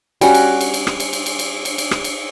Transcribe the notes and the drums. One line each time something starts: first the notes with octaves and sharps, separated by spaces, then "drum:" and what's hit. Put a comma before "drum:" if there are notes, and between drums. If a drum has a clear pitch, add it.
G3 C#4 F#4, drum: cymbal
drum: cymbal
drum: cymbal
drum: cymbal
drum: rim click
drum: cymbal
drum: cymbal
drum: cymbal
drum: cymbal
drum: cymbal
drum: cymbal
drum: rim click
drum: cymbal